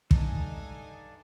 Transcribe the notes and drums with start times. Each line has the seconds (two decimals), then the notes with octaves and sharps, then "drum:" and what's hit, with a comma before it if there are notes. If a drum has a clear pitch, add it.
0.11 G2 G#3 D4 D#4 A4 G#5, drum: kick